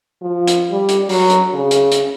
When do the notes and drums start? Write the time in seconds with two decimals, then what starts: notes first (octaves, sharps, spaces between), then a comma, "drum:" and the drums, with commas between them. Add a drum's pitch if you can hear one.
0.22 F3
0.48 drum: hi-hat
0.72 G3
0.89 drum: hi-hat
1.09 F#3, drum: open hi-hat
1.30 drum: hi-hat
1.54 C#3
1.71 drum: hi-hat
1.92 drum: hi-hat